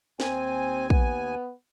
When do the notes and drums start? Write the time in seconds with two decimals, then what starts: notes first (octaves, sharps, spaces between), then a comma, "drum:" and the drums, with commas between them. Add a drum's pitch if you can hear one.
0.20 D#2 C4 G#5, drum: snare
0.90 B3, drum: kick